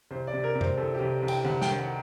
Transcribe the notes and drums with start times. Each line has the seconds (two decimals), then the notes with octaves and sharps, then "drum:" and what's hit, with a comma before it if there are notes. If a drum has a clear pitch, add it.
0.11 C2 C5
0.27 D5
0.33 C3
0.44 A#4
0.55 C3
0.61 C5, drum: tom F#2
0.77 C2 A4
0.94 G4
1.00 C2
1.23 C2
1.28 G5, drum: cymbal
1.45 C2 F#5, drum: tom D3
1.62 G5, drum: snare
1.67 D#3
1.79 F#5